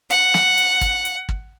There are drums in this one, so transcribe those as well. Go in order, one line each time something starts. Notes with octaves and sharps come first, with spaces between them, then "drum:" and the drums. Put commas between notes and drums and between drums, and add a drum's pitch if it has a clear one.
F#5, drum: hi-hat
drum: snare
drum: hi-hat
drum: kick, hi-hat
drum: hi-hat
drum: kick